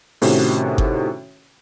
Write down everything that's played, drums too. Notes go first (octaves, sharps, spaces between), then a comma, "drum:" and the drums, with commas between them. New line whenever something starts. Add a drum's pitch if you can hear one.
A2 C3 D#3 C#4 F#4, drum: open hi-hat
drum: kick G1